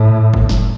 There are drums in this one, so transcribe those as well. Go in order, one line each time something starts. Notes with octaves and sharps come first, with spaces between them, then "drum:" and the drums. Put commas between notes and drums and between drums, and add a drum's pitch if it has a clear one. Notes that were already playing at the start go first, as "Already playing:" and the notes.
Already playing: A2
drum: kick
drum: snare